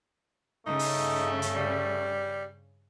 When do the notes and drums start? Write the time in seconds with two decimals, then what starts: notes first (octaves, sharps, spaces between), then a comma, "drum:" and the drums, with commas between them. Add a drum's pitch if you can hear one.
0.67 G2 C#3 A3 C#4 D#4
0.79 drum: open hi-hat
1.42 drum: hi-hat
1.56 G3